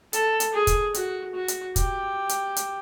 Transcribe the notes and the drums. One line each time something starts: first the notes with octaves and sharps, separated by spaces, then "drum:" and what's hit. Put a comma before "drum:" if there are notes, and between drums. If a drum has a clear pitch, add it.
A4, drum: hi-hat
drum: hi-hat
G#4
drum: kick, hi-hat
F#4, drum: hi-hat
F#4
drum: hi-hat
G4, drum: kick, hi-hat
drum: hi-hat
drum: hi-hat